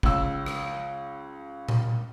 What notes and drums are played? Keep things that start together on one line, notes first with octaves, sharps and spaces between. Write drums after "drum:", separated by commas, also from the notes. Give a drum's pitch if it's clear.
C#2 E6, drum: kick
drum: rim click
drum: tom A#2